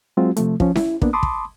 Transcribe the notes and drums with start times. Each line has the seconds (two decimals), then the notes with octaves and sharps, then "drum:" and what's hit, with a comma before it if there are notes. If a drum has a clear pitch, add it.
0.17 F#3 G#3 C4 F4 F#4
0.37 C3 F3 A3, drum: hi-hat
0.60 F3 C#4, drum: kick
0.76 E4, drum: snare C#4
1.02 A#3 B3 D4, drum: kick
1.13 A5 B5 C6 D6 D#6
1.23 drum: kick